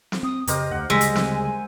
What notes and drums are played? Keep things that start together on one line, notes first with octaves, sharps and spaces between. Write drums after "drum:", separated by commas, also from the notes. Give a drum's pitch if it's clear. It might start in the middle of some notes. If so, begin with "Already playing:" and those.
drum: snare
C4 D#6
F2 C#3 G4 A#4 C5 D#5, drum: hi-hat
D2 F#5
D2 C#3 G3 G#3 E6 B6
drum: hi-hat
G#5, drum: snare
G#5